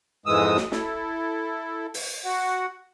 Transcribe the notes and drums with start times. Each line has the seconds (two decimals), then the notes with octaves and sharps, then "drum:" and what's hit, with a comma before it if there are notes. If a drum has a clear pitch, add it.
0.26 F2 G#2 E3 G#3 D#6 E6
0.57 drum: snare
0.72 E4 A4, drum: snare
1.94 drum: open hi-hat
2.25 F#4 F#5